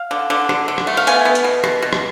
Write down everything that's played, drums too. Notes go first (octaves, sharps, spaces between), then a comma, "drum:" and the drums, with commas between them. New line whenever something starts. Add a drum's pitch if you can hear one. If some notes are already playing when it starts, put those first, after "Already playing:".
Already playing: F5
D3
D3
D3, drum: rim click
D3
drum: rim click
A3
F5
B3 G#5, drum: hi-hat
B3
drum: hi-hat
B2
B2, drum: rim click
B2
drum: rim click